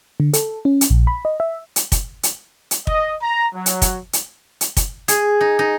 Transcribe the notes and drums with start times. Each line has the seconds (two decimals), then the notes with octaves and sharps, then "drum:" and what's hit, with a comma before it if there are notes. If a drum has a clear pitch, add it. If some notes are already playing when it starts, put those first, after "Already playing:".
0.20 D3
0.33 A4, drum: hi-hat
0.65 C#4
0.81 drum: hi-hat
0.90 A#1
1.07 B5
1.25 D#5
1.40 E5
1.76 drum: hi-hat
1.92 drum: kick, hi-hat
2.23 drum: hi-hat
2.71 drum: hi-hat
2.87 D#5, drum: kick
3.22 A#5
3.54 F#3
3.66 drum: hi-hat
3.82 drum: kick, hi-hat
4.13 drum: hi-hat
4.61 drum: hi-hat
4.77 drum: kick, hi-hat
5.08 G#4, drum: hi-hat
5.41 D#4
5.59 D#4